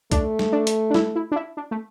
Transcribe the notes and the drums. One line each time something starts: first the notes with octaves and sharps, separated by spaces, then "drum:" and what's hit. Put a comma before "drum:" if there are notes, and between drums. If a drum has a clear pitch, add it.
A3 D4, drum: kick C2, hi-hat
drum: snare
D4
drum: hi-hat
D4
E4, drum: snare
E4
D4
E4
D4
A3